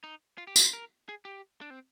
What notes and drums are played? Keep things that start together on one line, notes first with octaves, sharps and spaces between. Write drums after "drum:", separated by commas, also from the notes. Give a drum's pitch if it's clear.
D#4
F4
G4
G#4, drum: tambourine
C5
A#4
G#4
G4
D4
C4